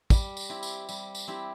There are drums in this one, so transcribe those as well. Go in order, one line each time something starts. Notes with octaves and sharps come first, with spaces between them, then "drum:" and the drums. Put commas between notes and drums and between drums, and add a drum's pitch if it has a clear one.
G3, drum: kick, tambourine
drum: tambourine
C4 E4 G4
drum: tambourine
G3, drum: tambourine
drum: tambourine
C4 E4 G4